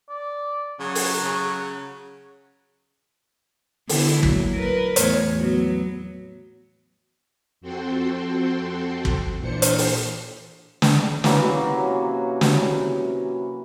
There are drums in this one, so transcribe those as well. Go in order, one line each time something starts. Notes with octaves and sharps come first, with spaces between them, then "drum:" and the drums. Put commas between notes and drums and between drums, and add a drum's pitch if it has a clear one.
D5
C#3 F#3
drum: open hi-hat
C#3
D3 B3 E4, drum: open hi-hat
F#3 A#3, drum: kick
A#4 B4
E2 A2 C#5, drum: hi-hat
F#3 B3 F#4
F2 C4 F#4 A4 G5 C6
drum: kick
A#2 E3 D4 C5 C#7
drum: hi-hat
drum: open hi-hat
drum: snare
C3 E3 F#3 A#3 C#4 F#4, drum: snare
drum: snare